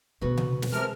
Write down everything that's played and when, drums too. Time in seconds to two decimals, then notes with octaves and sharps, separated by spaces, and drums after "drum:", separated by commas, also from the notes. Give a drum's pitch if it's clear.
0.21 D2 B2 B3 F#4 B4
0.37 drum: tom C3
0.62 drum: snare
0.72 C3 G#3 A#4 A5 F6